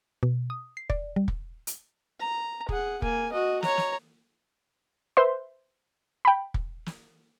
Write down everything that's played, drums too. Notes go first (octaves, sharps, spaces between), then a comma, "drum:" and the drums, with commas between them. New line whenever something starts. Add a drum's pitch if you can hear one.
B2
D#6
C7
D5, drum: kick
G3
drum: kick
drum: hi-hat
A#5
G#4 F#5, drum: kick
A#3 G#5, drum: kick
F#4 D#5
C#5 A#5, drum: snare
drum: snare
B4 C5 E5 C6
G5 B5
drum: kick
drum: snare